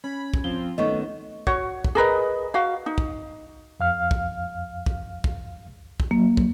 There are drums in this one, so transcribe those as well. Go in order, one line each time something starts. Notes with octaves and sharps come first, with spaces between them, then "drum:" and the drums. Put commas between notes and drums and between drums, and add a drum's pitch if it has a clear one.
C#4 B5
drum: kick
F3 C4 F4 G7
F#2 D#3 A3 B3 C#4 D#5 C#6
F#4 C#5, drum: kick
drum: kick
G#4 A#4 B4 D#5
F#4 F5
D#4
drum: kick
F2 F5 F6
drum: kick
drum: kick
drum: kick
drum: kick
F#3 A#3
drum: kick